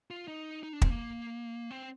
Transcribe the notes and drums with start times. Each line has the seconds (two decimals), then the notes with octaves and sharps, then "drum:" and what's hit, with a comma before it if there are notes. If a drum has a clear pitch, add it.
0.11 F4
0.28 D#4
0.63 D#4
0.73 D4
0.82 C4, drum: kick
0.90 A#3
1.71 C4